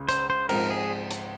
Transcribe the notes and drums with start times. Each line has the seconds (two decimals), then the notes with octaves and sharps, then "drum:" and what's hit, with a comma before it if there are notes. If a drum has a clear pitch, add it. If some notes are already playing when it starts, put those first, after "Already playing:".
Already playing: C#2 C#3
0.09 C5, drum: hi-hat
0.30 C5
0.49 G#2 F3 G#3 C4 A#4, drum: cymbal
0.70 G#4
1.11 drum: hi-hat